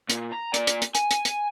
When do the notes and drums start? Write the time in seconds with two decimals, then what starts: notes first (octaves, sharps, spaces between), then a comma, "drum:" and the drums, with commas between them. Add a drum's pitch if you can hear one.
0.10 A#2, drum: hi-hat
0.33 A#5
0.54 A#2 D5, drum: hi-hat
0.67 drum: hi-hat
0.82 drum: hi-hat
0.95 G#5, drum: hi-hat
1.11 drum: hi-hat
1.25 drum: hi-hat